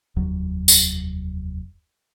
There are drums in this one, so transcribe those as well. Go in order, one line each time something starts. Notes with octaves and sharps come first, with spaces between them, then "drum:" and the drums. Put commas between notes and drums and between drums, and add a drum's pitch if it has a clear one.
F1 D#2 F#3
drum: tambourine